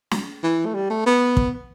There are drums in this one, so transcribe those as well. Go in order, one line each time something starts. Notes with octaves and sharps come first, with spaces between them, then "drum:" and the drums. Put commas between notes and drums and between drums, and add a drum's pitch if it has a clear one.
drum: snare
E3
A3
G3
A3
B3
drum: kick